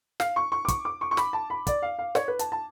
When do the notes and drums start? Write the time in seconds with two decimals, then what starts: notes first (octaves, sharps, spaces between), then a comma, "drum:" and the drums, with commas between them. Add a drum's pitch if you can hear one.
0.20 F5, drum: snare
0.36 C#6
0.52 C#6
0.65 D6
0.68 C#6, drum: kick, hi-hat
0.85 D6
1.01 C#6
1.11 C#6
1.17 B5, drum: snare
1.33 A5
1.50 B5
1.67 D5, drum: kick, hi-hat
1.82 F5
1.99 F5
2.15 C#5, drum: snare
2.28 B4
2.39 A5, drum: hi-hat
2.52 A5